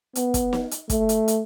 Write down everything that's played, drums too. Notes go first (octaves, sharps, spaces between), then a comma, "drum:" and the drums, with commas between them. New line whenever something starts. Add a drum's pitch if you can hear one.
B3, drum: hi-hat
drum: kick, hi-hat
drum: snare
drum: hi-hat
A3, drum: kick, hi-hat
drum: hi-hat
drum: hi-hat